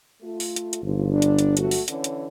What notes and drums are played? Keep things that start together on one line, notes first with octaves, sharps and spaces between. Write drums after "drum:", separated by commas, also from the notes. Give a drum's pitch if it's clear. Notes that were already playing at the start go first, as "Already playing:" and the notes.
A3 F4
drum: open hi-hat
drum: hi-hat
drum: hi-hat
G1 F3 D#4 F4
D4
drum: hi-hat
drum: hi-hat
F#3 A3 F#4, drum: hi-hat
drum: open hi-hat
D3 E3 C#4, drum: hi-hat
drum: hi-hat